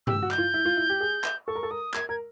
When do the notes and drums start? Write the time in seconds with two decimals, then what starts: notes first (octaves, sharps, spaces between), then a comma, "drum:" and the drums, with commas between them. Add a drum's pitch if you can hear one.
0.07 G4 E6, drum: tom G2
0.22 F#4
0.31 G6, drum: clap
0.38 F4
0.54 E4
0.65 F4
0.77 E4
0.89 G4
1.01 G#4
1.24 drum: clap
1.47 A4 C#6
1.55 A#4
1.63 A4
1.71 A#4 D#6
1.94 A#4 G#6, drum: clap
2.09 A#4 G#6